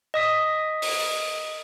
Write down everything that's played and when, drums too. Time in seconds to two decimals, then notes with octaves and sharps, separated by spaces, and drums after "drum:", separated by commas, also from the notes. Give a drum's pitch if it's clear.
0.14 D#5 D#6 B6
0.82 drum: open hi-hat